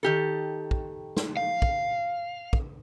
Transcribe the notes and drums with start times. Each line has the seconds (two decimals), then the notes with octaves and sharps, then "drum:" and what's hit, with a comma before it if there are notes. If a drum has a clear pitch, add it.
0.03 D#3 G4 A4
0.71 drum: kick
1.17 drum: snare
1.37 F5
1.62 drum: kick
2.53 drum: kick